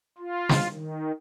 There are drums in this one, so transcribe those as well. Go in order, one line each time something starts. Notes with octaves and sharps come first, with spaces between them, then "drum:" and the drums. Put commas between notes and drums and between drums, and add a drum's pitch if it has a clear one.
F4
drum: snare
D#3